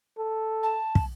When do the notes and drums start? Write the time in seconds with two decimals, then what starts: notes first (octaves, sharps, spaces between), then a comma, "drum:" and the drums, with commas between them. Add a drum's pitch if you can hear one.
0.18 A4
0.63 A5
0.95 drum: kick